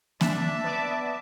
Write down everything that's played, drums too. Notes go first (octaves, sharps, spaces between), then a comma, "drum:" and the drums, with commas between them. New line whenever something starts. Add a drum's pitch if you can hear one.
D4 E5 A5, drum: snare A#3
B3 D5 D6